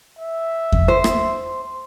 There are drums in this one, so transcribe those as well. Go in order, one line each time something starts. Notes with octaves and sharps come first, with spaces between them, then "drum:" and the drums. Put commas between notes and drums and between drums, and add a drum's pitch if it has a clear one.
E5
drum: kick E2
C5
drum: rim click